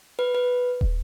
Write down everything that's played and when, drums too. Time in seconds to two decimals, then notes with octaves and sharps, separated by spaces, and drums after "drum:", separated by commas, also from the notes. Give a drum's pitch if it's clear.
0.19 B4
0.35 B4
0.81 drum: kick